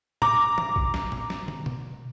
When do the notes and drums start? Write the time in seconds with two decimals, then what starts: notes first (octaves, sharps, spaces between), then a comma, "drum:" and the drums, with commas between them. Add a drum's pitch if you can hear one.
0.22 A#5 D6, drum: tom A2
0.58 drum: tom
0.76 drum: kick A1
0.94 drum: snare
1.12 drum: tom A2
1.30 drum: snare
1.48 drum: tom
1.66 drum: tom B2